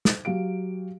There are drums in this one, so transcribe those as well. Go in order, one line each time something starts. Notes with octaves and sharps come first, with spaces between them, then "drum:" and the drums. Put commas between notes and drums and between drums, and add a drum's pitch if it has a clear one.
drum: snare
F#3 G4 F5 D7